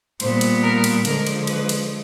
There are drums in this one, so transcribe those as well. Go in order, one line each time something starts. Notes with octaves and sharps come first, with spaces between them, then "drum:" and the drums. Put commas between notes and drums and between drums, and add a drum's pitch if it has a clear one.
A#2 G3 B3 C5, drum: cymbal
drum: cymbal
A#4
drum: cymbal
D3 F3 G#3 A#4, drum: cymbal
drum: cymbal
B4, drum: cymbal
drum: cymbal